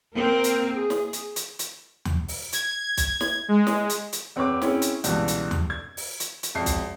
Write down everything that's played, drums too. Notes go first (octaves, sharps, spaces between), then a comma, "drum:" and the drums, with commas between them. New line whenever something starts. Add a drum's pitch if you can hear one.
A#3 C4 A#4
drum: hi-hat
G#4
drum: snare
drum: hi-hat
drum: hi-hat
drum: hi-hat
drum: tom D#2
drum: open hi-hat
G#6, drum: hi-hat
drum: kick, hi-hat
drum: snare
G#3
drum: snare
drum: hi-hat
drum: hi-hat
E2 C4 B4 C#5 D6
C4 C#4 E4 G#4, drum: snare
drum: hi-hat
C#2 G2 B2 E3, drum: hi-hat
drum: hi-hat
drum: tom D#2
G#6
drum: open hi-hat
drum: hi-hat
drum: hi-hat
E1 F2 E5 C7
drum: kick, hi-hat